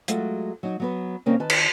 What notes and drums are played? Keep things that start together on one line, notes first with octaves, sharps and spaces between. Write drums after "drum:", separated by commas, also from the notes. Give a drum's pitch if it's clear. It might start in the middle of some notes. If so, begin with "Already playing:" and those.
F#3 G#3 A3 F4 F#4, drum: hi-hat
F#3 D#4
F#3 B3 B4
C#3 G3 A#3 C4 C#4 A#4
D#3 B4 A5
drum: cymbal